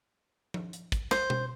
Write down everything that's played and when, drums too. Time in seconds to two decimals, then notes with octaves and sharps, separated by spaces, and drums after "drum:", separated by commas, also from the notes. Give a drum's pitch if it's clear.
0.54 drum: tom F3
0.73 drum: hi-hat
0.92 drum: kick, hi-hat
1.11 C5, drum: snare
1.30 drum: tom B2